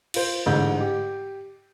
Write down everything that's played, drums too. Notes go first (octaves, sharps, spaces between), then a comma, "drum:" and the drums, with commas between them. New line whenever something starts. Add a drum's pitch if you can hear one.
F4 C5, drum: cymbal
A1 G#2 D3 G6
G4